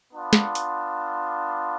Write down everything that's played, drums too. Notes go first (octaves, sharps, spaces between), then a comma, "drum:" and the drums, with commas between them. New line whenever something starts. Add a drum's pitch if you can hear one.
B3 D4 F4
drum: snare
drum: hi-hat